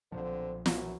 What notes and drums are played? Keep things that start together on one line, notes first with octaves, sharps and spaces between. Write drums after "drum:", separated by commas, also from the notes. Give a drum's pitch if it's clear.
B1 A#2 D3 F3 C4 C5
F#2 E3 F#3, drum: snare